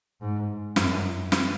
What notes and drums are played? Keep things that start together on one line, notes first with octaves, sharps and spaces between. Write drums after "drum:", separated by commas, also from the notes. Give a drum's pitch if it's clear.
G#2
F#2, drum: snare
drum: snare